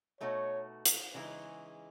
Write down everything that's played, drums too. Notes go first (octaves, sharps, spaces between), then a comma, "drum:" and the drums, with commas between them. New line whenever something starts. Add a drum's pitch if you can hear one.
B2 A3 D#4 F#4 C#5
drum: hi-hat
C#3 E3 G#3 D#4